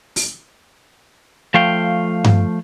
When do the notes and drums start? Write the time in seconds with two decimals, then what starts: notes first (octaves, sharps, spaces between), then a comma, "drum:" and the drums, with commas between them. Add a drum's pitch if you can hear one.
0.16 drum: open hi-hat
1.54 F3 A3 F5 G5
2.24 drum: tom G2